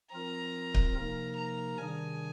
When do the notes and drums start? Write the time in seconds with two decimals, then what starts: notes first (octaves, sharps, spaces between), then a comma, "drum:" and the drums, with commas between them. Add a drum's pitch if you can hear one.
0.12 F3 C4 F4 A#4 A#5
0.74 drum: kick C#1
0.96 C3 F3 A#3 D#4 A#4
1.36 A#5
1.78 C3 D#3 G3 D4 G#4 G#5